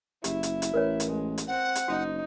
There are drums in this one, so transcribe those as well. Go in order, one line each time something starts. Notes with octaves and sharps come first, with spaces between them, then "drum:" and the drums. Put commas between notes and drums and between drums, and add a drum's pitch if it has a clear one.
F#1 E4 G4, drum: hi-hat
drum: hi-hat
drum: hi-hat
A1 A#4 B4 C#5
drum: hi-hat
G#3
drum: hi-hat
C4 F#5
drum: hi-hat
F#1 D#4 F#4